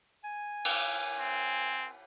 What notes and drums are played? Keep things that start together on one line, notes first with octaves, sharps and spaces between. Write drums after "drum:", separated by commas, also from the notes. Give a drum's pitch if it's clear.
G#5
drum: cymbal
C4